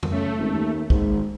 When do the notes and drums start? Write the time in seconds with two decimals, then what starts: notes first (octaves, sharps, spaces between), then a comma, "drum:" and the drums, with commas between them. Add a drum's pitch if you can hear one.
0.03 drum: tom
0.12 C#3 A3
0.38 G#1
0.53 D#2
0.90 G#1 G#2, drum: kick